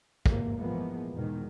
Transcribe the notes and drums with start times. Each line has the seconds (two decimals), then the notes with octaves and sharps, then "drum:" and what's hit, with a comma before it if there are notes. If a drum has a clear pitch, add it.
0.26 G#1 E2 C3 A#3, drum: kick
0.58 A#2 E3 F3 G#3 A#3 B3
1.12 E2 G#2 B2 D#3